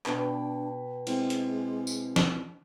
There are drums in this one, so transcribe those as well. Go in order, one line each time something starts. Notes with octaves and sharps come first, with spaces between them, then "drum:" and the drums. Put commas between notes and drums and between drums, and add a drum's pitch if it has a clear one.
B2 D4 B4 G5, drum: clap
G#3 C4 E4, drum: cymbal
drum: hi-hat
drum: tambourine
drum: snare